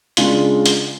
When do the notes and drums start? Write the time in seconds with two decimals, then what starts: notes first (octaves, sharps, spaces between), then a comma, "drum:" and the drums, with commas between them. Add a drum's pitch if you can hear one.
0.17 C#3 G#3 D4 F4, drum: hi-hat
0.66 drum: hi-hat